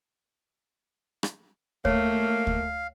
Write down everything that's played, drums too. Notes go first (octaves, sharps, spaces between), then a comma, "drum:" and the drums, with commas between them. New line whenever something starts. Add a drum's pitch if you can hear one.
drum: rim click
A3 A#3 C#5 F5, drum: kick
drum: kick